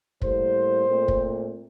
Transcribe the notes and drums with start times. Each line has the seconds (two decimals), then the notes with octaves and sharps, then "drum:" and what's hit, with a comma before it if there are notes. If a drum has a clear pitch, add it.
0.22 A2 G3 A#3 C5, drum: kick
0.86 A#2 A3 C4
1.08 drum: kick